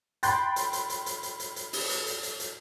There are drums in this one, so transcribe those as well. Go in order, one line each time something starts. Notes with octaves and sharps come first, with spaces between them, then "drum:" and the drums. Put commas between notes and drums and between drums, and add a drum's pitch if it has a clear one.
G5 B5 C6 F#6 G6 A6, drum: hi-hat
drum: hi-hat
drum: hi-hat
drum: hi-hat
drum: hi-hat
drum: hi-hat
drum: hi-hat
drum: hi-hat
drum: open hi-hat
drum: hi-hat
drum: hi-hat
drum: hi-hat
drum: hi-hat